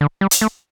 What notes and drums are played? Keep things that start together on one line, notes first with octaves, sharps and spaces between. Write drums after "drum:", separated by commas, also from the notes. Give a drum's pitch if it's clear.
D3
G3
drum: hi-hat
A3